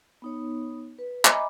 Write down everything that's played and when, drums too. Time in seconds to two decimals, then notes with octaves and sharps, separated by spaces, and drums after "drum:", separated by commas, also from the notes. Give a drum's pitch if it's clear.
0.22 B3 D#4 C#5
0.99 B4
1.25 D#5 E5 G#5 A#5 B5 D6, drum: clap